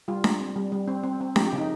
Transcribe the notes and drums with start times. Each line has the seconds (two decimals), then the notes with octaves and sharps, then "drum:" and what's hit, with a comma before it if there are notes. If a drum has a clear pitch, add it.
0.08 G3 F4
0.24 G3, drum: snare D4
0.40 C4
0.56 G3
0.72 G3
0.88 C4
1.04 C4
1.21 C4
1.36 F3 G4, drum: snare D4
1.47 G4
1.53 C#3
1.58 D#4